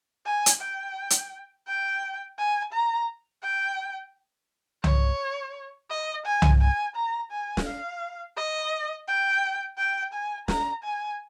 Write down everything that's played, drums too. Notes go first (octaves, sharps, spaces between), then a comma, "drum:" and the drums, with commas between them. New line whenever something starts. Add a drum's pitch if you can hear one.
G#5
drum: hi-hat
G5
drum: hi-hat
G5
G#5
A#5
G5
C#5, drum: tom C2
D#5
G#5
drum: tom C2
G#5
A#5
G#5
drum: snare
F5
D#5
G5
G5
G#5
A#5, drum: snare
G#5